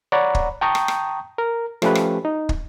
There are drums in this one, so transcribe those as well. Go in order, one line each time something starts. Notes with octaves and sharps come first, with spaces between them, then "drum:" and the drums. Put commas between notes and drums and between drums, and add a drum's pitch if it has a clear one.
C#5 D5 F#5 A#5 B5
drum: kick
G5 A5 A#5 C#6 D#6 G6
drum: rim click
drum: rim click
A#4
F3 A3 C#4 G4 B4, drum: rim click
drum: rim click
D#4
drum: kick